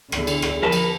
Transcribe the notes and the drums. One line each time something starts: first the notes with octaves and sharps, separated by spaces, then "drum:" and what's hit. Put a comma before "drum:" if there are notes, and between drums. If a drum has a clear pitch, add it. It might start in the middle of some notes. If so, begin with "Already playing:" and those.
E2 D3, drum: rim click
drum: cymbal
drum: rim click
F3 A#4 B4 A5
drum: cymbal